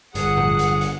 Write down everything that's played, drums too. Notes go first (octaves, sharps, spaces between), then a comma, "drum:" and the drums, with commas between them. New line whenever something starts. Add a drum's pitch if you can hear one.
G1 G#4 F#5, drum: hi-hat
drum: tom A2
drum: hi-hat
drum: hi-hat